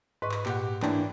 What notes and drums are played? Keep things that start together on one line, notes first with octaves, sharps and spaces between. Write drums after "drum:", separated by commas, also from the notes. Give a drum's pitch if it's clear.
G#2 B4 D#5 C#6
drum: clap
A#2 G4 F#5, drum: clap
E3 A#3 D4 G5, drum: clap